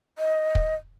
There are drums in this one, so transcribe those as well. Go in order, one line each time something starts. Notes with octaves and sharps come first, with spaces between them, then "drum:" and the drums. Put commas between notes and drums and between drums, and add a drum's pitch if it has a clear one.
D#5
drum: kick